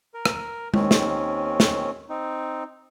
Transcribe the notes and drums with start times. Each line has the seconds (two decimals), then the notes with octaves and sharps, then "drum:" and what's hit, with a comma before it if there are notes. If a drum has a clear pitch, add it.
0.14 A#4
0.25 drum: rim click
0.74 D#2 D#3 C4 C#4, drum: tom G#3
0.91 drum: snare
1.60 drum: snare
2.09 C4 D#4